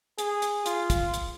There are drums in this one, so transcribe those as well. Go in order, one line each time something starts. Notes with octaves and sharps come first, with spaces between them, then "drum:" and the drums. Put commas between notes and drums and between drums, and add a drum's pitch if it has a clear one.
G#4, drum: hi-hat
drum: hi-hat
F4, drum: hi-hat
drum: kick, hi-hat
drum: hi-hat